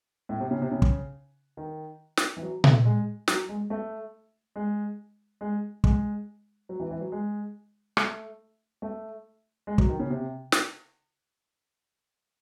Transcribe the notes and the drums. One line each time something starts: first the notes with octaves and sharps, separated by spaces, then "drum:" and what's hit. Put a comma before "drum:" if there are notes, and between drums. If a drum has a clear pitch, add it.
A2
C3
C#3
C3
C#3
drum: kick
D#3
drum: snare
E3
F#3
A3, drum: tom A#2
G#3
F#3, drum: snare
G#3
A3
G#3
G#3
G#3, drum: kick
F#3
E3
E3
F#3
G#3
A3, drum: rim click
A3
G#3
F#3, drum: kick
D#3
C#3
C3
drum: snare